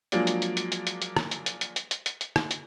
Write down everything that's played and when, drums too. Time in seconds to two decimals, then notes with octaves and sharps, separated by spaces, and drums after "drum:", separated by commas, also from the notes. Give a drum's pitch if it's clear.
0.12 F3 F#3 G#3 A#3 D4, drum: hi-hat
0.27 drum: hi-hat
0.42 drum: hi-hat
0.57 drum: hi-hat
0.72 drum: hi-hat
0.87 drum: hi-hat
1.02 drum: hi-hat
1.16 drum: rim click
1.31 drum: hi-hat
1.46 drum: hi-hat
1.61 drum: hi-hat
1.76 drum: hi-hat
1.91 drum: hi-hat
2.06 drum: hi-hat
2.21 drum: hi-hat
2.36 drum: rim click
2.51 drum: hi-hat